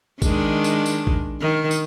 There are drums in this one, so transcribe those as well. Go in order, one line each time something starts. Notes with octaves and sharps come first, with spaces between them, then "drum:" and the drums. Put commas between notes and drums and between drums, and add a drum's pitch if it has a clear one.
D#3 G#3 D4, drum: kick A1, tambourine
drum: tambourine
drum: tambourine
drum: kick A1
D#3
drum: tambourine